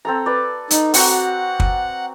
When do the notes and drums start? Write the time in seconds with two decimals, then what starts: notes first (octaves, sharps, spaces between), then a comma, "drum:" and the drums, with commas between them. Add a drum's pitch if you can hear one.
0.05 C4 A4 A#5
0.26 B4 D5
0.70 D#4, drum: hi-hat
0.94 C4 F#4 F#5 A#5, drum: open hi-hat
1.60 drum: kick